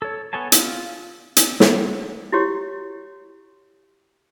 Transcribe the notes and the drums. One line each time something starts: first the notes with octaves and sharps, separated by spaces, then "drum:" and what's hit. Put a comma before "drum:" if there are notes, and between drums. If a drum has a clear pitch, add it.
A4 C#5
B3 A4 C#5 G#5 A5
F4, drum: hi-hat
drum: hi-hat
drum: snare
E4 F#4 G4 C#5